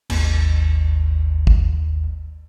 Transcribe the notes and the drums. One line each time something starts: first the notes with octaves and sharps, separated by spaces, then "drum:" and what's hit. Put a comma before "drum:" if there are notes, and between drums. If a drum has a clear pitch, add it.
G#1 D#2, drum: cymbal
drum: kick